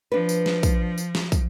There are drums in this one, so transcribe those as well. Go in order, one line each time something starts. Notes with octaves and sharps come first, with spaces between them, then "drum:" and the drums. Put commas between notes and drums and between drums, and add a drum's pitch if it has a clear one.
F3 D4 B4
drum: tambourine
drum: snare
drum: kick, tambourine
drum: tambourine
drum: snare
drum: kick, tambourine